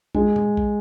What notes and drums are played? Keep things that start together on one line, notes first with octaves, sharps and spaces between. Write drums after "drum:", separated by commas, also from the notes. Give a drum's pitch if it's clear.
G#3, drum: kick
drum: tom A#2
drum: kick